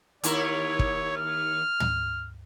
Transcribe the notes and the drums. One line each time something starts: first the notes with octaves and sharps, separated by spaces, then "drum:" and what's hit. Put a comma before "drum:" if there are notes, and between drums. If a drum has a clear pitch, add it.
D#2 E4 A#4 C#5, drum: hi-hat
drum: kick
F6
drum: tom